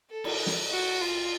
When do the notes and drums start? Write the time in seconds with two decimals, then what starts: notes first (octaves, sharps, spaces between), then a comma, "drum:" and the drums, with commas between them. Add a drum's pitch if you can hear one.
0.10 A4
0.24 drum: cymbal
0.46 drum: snare
0.71 F#4
1.01 F4